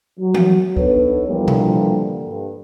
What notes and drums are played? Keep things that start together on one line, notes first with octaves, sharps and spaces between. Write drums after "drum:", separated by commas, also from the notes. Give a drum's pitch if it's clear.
F#3
drum: tom E3
B3 D4 D#4 A4 B4 C#5, drum: kick
A#2 D3 E3 F3 G3 A#3
drum: tom B2
G2